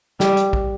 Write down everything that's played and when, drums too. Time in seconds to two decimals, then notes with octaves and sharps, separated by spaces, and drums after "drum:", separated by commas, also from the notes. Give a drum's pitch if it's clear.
0.20 G3, drum: snare
0.37 drum: hi-hat
0.53 drum: kick A#1